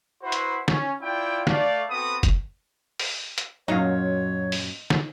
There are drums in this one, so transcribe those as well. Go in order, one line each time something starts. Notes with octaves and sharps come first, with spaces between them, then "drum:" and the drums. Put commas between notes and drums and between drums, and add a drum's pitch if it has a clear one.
E4 F#4 B4 C5
drum: hi-hat
C#4, drum: snare
E4 F4 D5 G5
A3 D5 F5, drum: snare
B3 C4 F#4 A4 B5 D#6
drum: kick, hi-hat
drum: open hi-hat
drum: hi-hat
F#2 A#2 F#3 D#4 C#5 F5
drum: open hi-hat
drum: snare